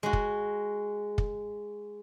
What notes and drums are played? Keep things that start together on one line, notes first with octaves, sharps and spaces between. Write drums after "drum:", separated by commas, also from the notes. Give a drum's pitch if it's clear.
G#3 F#4
drum: kick
drum: kick